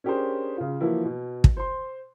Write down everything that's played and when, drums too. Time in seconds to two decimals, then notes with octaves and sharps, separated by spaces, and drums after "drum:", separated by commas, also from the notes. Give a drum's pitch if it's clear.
0.04 C#4 D4 G4 G#4 A#4 C5
0.57 C#3 F4
0.80 E3 F3 A#3 E4 F#4
1.05 B2
1.44 drum: kick
1.57 C5 C6